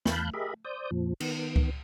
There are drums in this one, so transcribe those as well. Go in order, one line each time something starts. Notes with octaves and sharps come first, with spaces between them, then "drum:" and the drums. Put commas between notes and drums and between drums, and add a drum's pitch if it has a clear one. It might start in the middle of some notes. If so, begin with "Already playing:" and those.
E2 F5 A5 B5 F#6 G6, drum: snare
G4 G#4 A#4 D#5 E5 B5
C5 D5 D#6 G6
F2 A#2 F3
D#3 B3, drum: cymbal
drum: kick C#2